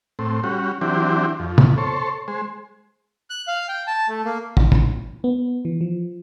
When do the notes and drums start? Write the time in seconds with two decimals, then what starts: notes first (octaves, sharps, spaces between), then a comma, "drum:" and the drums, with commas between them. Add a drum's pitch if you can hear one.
0.19 A2 C4
0.44 G3 C#4 F#4
0.81 E3 F#3 C4 D4 G4
1.39 F2
1.58 drum: tom
1.78 A4 C5 C#5
2.28 G#3 C5
3.30 F#6
3.47 F5
3.68 G5
3.87 A5
4.08 A3
4.25 A#3
4.57 drum: kick
4.72 drum: kick
5.24 B3
5.65 E3
5.81 F3